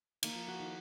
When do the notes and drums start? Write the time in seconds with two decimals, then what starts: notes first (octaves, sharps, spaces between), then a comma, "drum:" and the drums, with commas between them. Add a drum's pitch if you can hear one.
0.23 D#3 A#3 D#4, drum: cymbal
0.35 F3 F4
0.48 F3 F4 F#4
0.60 D#3 D#4